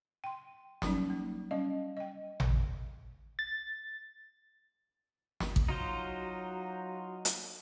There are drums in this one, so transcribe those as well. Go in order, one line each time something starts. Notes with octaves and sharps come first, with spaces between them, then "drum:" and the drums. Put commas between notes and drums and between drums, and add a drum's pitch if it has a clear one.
G5 C6
F#3 G3 C#4 D#4, drum: snare
A#3
G3 C#4 D#5 F5
D#5 G5
drum: tom A1
A6
drum: snare
drum: kick A1
F#3 D#4 F4 F#4 C5
drum: hi-hat